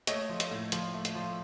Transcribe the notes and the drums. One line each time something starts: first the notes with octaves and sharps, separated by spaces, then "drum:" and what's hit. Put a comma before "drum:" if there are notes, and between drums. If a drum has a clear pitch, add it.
A3 C#5 D#5, drum: hi-hat
F3
drum: hi-hat
A2
F3, drum: hi-hat
A3
drum: hi-hat
F3